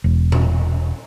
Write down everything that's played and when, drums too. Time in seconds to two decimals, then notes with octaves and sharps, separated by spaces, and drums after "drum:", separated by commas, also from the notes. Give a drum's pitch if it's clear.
0.04 E1
0.32 drum: tom A#2